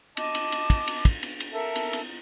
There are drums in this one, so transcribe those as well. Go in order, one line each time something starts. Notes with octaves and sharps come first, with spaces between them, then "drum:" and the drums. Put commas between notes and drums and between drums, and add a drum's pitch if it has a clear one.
D#5 A5 D6, drum: cymbal
drum: cymbal
drum: cymbal
drum: kick, cymbal
drum: cymbal
drum: kick, cymbal
drum: cymbal
drum: cymbal
A4 A#4 E5 A5
drum: cymbal
drum: cymbal